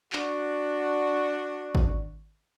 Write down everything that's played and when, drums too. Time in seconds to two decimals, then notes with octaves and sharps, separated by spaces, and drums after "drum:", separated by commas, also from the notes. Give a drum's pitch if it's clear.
0.13 D4 F#4, drum: clap
1.75 drum: kick G#1